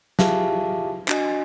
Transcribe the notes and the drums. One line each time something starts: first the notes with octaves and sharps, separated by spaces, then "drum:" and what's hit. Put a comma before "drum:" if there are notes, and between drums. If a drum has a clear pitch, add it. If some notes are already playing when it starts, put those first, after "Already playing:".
F4 G4 G#4 E5 F5 A5, drum: snare
D4 F#4 D#5 G#5, drum: clap